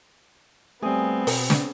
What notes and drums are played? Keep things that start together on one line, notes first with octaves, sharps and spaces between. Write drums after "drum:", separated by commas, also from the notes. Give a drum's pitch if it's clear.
G3 A3 B3 C4 G#4 G#5
B2, drum: open hi-hat
drum: snare